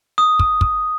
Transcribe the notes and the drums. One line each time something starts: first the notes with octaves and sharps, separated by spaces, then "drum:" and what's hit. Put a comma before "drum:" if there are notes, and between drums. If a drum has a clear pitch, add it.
D#6
drum: kick
drum: kick